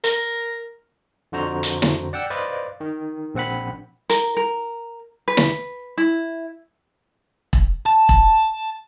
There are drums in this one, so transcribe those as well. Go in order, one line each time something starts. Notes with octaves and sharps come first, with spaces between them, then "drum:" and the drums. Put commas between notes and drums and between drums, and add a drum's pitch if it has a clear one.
A#4, drum: hi-hat
F2 D3 F#4 C5 A#5
drum: hi-hat
drum: snare
D5 F#5 G5 E6
B4 C5 D5 D#5 F5
D#3
A#1 C4 F#5 B5
A#4, drum: hi-hat
A#4
B4
drum: snare
E4
drum: kick E1
A5
drum: kick E1